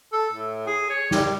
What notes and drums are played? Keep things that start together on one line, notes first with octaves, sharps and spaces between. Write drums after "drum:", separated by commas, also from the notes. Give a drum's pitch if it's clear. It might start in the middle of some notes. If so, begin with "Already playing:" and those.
A4
A2
G#4
C#5
G3, drum: snare